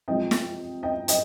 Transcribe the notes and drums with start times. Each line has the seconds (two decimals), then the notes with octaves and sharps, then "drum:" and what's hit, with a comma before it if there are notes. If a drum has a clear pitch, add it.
0.08 C3 F3 G#3 D#5 G5
0.31 drum: snare
0.83 D#5 G5
1.08 D#5 G5, drum: hi-hat